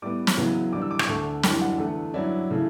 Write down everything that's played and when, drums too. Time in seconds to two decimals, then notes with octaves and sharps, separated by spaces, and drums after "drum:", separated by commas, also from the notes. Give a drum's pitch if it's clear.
0.02 A2 G3 B3 D6
0.27 drum: snare
0.37 E2 C#3 F#3 B3 E4
0.73 E2 D3 G3 D6
0.82 E6
0.91 D6
0.99 C#6, drum: rim click
1.08 D2 D3 A3
1.43 F#2 E3 G3 D4 G5, drum: snare
1.61 F#5
1.78 E2 D3 A3
2.14 G2 F#3 C#4 E4 D5
2.51 C#3 E3 A3 E4